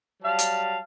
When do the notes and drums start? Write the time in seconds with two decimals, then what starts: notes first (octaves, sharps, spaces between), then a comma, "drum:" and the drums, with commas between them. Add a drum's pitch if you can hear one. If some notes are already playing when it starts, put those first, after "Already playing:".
0.23 F#3 G3 F5 A5
0.39 drum: hi-hat